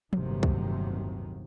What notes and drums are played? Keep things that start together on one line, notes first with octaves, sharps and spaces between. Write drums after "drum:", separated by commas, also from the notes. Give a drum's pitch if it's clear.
G1 D#2 A2 C3 D#3 F#3, drum: tom
drum: kick